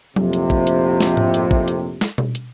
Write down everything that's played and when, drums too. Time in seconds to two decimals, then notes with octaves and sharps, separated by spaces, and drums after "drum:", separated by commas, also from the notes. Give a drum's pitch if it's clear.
0.16 A#1 F2 A2 C3, drum: tom F#3
0.33 drum: hi-hat
0.50 drum: kick
0.67 drum: hi-hat
1.00 drum: snare
1.17 drum: tom G#2
1.34 drum: hi-hat
1.51 drum: kick
1.68 drum: hi-hat
2.01 drum: snare
2.18 drum: tom B2
2.35 drum: hi-hat